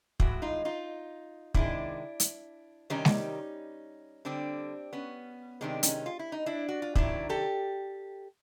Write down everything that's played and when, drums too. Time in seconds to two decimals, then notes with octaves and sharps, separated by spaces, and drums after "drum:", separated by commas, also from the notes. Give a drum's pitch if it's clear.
0.20 A2 E3 G#3 E4 F#4, drum: kick
0.42 D#4 F4
0.65 D#4 F4
1.54 C3 D#3 G#3 D4 E4, drum: kick
2.20 drum: hi-hat
2.90 C3 D#3 G3 C#4 D#4
3.05 drum: snare G#3
4.25 D3 G3 C4 D4
4.93 B3 C#4
5.61 C3 D#3 G#3 C4 D4
5.83 C#4 D#4, drum: hi-hat
6.06 F4
6.19 E4
6.32 D#4
6.46 D4 E4
6.68 F#4
6.82 F4
6.95 C3 D#3 F#3 D4 E4, drum: kick
7.29 G4 A4